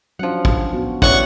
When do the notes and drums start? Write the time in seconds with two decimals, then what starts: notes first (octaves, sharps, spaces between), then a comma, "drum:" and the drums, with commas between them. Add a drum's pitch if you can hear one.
0.19 F3 F#3 C#4 D4 F#5
0.45 drum: kick
0.73 B3 F#4
1.02 A2 B3 C#4 D5 E5 F#5 C#6, drum: kick